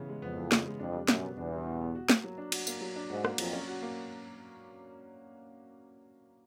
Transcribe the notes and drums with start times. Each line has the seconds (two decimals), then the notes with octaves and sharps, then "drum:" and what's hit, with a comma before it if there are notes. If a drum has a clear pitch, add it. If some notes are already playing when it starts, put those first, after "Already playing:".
Already playing: C#3 E3 B3
0.09 G#3
0.22 F2 B3
0.37 E3
0.52 C#3, drum: snare
0.66 G#3
0.79 F2 D4
0.95 G3
1.08 F#2 B2, drum: snare
1.23 B3
1.37 E2 D4
1.52 G3
1.66 B2
1.81 B3
1.95 F#4
2.09 A#3, drum: snare
2.24 F#3
2.38 D4
2.52 F#4, drum: cymbal
2.67 A#3, drum: tambourine
2.81 F#3
2.96 D4
3.10 G#2 F#4
3.25 A#3, drum: rim click
3.38 F2 F#3, drum: cymbal
3.53 C#4
3.68 F#4
3.82 A#3